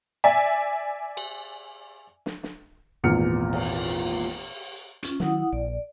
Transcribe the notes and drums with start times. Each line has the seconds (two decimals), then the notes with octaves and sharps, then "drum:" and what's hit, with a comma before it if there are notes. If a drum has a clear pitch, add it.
0.24 D5 E5 G#5
1.17 drum: cymbal
2.26 drum: snare
2.43 drum: snare
3.04 G#1 E2 A#2 F6 C#7
3.53 drum: cymbal
5.03 C#4 F4, drum: hi-hat
5.20 D#3 F#3 E4 F#5 D#6, drum: snare
5.53 A#1 D5